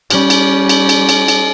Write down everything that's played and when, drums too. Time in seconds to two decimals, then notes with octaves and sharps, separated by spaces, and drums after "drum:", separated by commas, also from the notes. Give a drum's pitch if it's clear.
0.10 G3 C#4, drum: cymbal
0.30 drum: cymbal
0.69 drum: cymbal
0.89 drum: cymbal
1.09 drum: cymbal
1.28 drum: cymbal